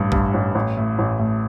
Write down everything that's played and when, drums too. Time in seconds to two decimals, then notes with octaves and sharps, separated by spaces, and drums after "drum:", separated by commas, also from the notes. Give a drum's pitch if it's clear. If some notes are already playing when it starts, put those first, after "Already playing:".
Already playing: A1 G2
0.12 G2, drum: kick
0.34 A1
0.55 A1
0.77 A2
0.99 A1
1.19 A2